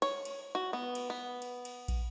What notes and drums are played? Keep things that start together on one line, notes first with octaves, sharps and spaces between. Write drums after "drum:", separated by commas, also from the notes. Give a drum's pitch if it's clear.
C#5, drum: cymbal
drum: cymbal
F#4
B3
drum: cymbal
B3
drum: cymbal
drum: cymbal
drum: kick, cymbal